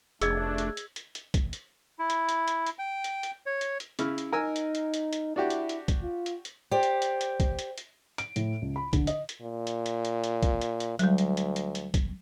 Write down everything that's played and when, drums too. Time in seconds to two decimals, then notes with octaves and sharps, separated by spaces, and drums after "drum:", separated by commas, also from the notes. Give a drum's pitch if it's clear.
0.21 F1 A3 D4 G#4 D#5 E6 G#6, drum: hi-hat
0.58 drum: hi-hat
0.77 drum: hi-hat
0.96 drum: hi-hat
1.15 drum: hi-hat
1.34 drum: kick, hi-hat
1.53 drum: hi-hat
1.99 E4
2.10 drum: hi-hat
2.29 drum: hi-hat
2.48 drum: hi-hat
2.67 drum: hi-hat
2.79 G5
3.04 drum: hi-hat
3.23 drum: hi-hat
3.46 C#5
3.61 drum: hi-hat
3.80 drum: hi-hat
3.99 C#3 E4 F6, drum: hi-hat
4.18 drum: hi-hat
4.33 D#4 A#4 G#5 E6
4.56 drum: hi-hat
4.75 drum: hi-hat
4.94 drum: hi-hat
5.13 drum: hi-hat
5.36 D4 E4 F#4 G4
5.50 drum: hi-hat
5.69 drum: hi-hat
5.88 drum: kick, hi-hat
6.02 F4
6.26 drum: hi-hat
6.45 drum: hi-hat
6.71 G4 C5 D5
6.83 drum: hi-hat
7.02 drum: hi-hat
7.21 drum: hi-hat
7.40 drum: kick, hi-hat
7.59 drum: hi-hat
7.78 drum: hi-hat
8.18 D7, drum: hi-hat
8.36 A2, drum: hi-hat
8.62 C#2
8.76 B5
8.93 D3, drum: kick, hi-hat
9.07 D#5, drum: hi-hat
9.29 drum: hi-hat
9.42 A#2
9.67 drum: hi-hat
9.86 drum: hi-hat
10.05 drum: hi-hat
10.24 drum: hi-hat
10.43 drum: kick, hi-hat
10.61 drum: hi-hat
10.80 drum: hi-hat
10.99 D2 F#3 G3, drum: hi-hat
11.18 drum: hi-hat
11.37 drum: hi-hat
11.56 drum: hi-hat
11.75 drum: hi-hat
11.94 drum: kick, hi-hat